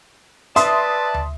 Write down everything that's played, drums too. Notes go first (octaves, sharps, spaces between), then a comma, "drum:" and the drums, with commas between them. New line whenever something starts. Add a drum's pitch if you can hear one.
B4 D5 E5 A5 C6 D#6, drum: hi-hat
drum: tom D2